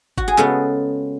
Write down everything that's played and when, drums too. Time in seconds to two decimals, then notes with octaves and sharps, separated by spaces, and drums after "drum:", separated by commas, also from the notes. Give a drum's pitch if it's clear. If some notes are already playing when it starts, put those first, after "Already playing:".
0.18 F#4, drum: kick G1
0.28 G#4
0.37 C#3 G#3 B3 A4